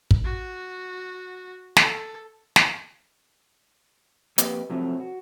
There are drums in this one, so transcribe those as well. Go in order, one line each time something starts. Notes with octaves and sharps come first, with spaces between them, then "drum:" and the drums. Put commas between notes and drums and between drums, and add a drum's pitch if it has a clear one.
drum: kick
F#4
A4, drum: snare
drum: snare
F2 A#3 G4 B4 D#5 G5, drum: hi-hat
C3 F3 F#3 A3 C4
F#4